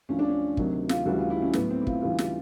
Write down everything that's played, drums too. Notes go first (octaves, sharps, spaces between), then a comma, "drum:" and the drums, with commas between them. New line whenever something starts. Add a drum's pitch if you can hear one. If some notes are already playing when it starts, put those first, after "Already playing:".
D2 D3 F3 C#4
D4
C#4
D2 C3 D#3 F#3, drum: kick
F4, drum: snare
D2 C#3 E3 G3 F#4
F4
E4
C#4
A2 F#3 B3, drum: snare
C4
E4
F4, drum: kick
D2 C#3 E3 G3 F4
F4, drum: snare